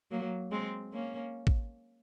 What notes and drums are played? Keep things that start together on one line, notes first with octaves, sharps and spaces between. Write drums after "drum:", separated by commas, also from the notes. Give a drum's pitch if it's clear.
F#3 A#3
G#3 C4
A#3 C#4
drum: kick A1